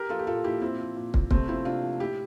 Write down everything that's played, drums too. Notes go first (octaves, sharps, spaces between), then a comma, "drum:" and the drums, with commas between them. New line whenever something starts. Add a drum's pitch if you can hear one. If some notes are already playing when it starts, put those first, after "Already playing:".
Already playing: G4 A#4
F3 F4 A4
G4
A#2 F4 A4
F3 E4 G4
A#2 C4 E4
F3
A#2
F3, drum: kick
C3 A3 C4, drum: kick
F3 C4 E4
C3 D4 F4
F3
A2 E4 G4